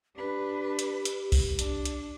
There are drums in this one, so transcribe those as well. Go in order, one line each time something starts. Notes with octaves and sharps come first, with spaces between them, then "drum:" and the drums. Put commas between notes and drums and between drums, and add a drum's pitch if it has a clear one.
D4 G4 B4
drum: hi-hat
drum: hi-hat
drum: kick C2, open hi-hat
D4, drum: hi-hat
drum: hi-hat